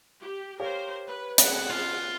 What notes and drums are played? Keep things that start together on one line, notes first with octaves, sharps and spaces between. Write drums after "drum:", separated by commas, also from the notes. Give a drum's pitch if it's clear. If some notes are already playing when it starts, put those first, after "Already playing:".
G4
G4 A#4 C5 C#5 F5
B4
G#4 F#5 A5, drum: hi-hat
F4